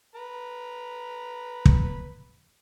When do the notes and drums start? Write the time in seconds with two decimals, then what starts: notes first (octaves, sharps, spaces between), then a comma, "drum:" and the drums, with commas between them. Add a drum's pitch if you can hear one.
0.15 B4 A#5
1.65 drum: kick